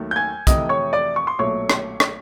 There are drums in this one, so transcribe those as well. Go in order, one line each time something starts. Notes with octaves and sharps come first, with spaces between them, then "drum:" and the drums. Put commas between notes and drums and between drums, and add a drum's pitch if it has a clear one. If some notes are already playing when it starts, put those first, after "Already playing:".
Already playing: D#2 D#3 F#3 A3
G6
G#5 G#6
F2 C3 E3 A3 D#5 D#6, drum: kick, hi-hat
C#5 C#6
D5 D6
C#6
C6
B1 A#2 F#3 A3 C#5 C#6
drum: rim click
drum: rim click